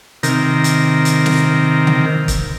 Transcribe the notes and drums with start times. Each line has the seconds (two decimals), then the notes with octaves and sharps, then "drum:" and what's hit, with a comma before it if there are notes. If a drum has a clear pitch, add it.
0.23 C3 D#3 A#4, drum: hi-hat
0.64 drum: hi-hat
1.05 drum: hi-hat
1.26 drum: snare
1.87 drum: tom C#3
2.28 drum: kick, hi-hat